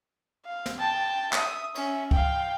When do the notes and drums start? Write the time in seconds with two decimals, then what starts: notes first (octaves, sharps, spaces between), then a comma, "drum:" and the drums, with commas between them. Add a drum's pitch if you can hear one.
0.45 F5
0.66 drum: snare
0.78 G5 A5
1.33 E5 D#6, drum: clap
1.75 C#4 E5, drum: cymbal
2.11 F5 G5, drum: kick